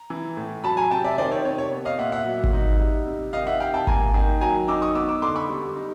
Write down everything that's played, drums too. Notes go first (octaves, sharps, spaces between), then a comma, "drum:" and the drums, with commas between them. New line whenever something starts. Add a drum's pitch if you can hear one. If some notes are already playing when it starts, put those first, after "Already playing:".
Already playing: A#5
E3
A2
F#3 A5 B5
G#5 A#5
C3 G5 A5
D5 E5
D#3 C5 D5
C#5
C3 C#5
C#5
B3
D#5 F5
A#2 E5 F#5
E5 F#5
F#3
drum: kick G#1
D#4
G3
C3
D#3 D#5 F5
E5 F#5
C3 F5 G5
G5 A5
A#3 G#5 A#5, drum: kick G#1
D#3
F#3 G#5 A#5
D#4 D6 E6
C#6 D#6
B3 D6 E6
D6 E6
D3 C6 D6
B5 C#6
G3
D#4